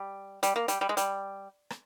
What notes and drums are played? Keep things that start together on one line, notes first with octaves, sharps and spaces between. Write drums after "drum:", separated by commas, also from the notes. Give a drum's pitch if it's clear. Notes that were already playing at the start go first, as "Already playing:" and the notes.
Already playing: G3
G3, drum: hi-hat
A#3
G3, drum: hi-hat
G3
G#3
G3, drum: hi-hat
drum: rim click